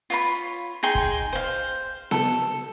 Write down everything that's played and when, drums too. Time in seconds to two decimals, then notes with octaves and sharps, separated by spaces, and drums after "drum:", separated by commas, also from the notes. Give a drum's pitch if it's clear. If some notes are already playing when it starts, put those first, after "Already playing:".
0.10 F4 C#5 B5
0.83 D#4 G#4 G5 C6
0.95 drum: kick
1.33 C5 F5
2.11 A4, drum: snare B3